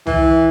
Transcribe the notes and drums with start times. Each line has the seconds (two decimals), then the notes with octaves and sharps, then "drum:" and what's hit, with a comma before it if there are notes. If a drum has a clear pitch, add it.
0.07 E3, drum: tom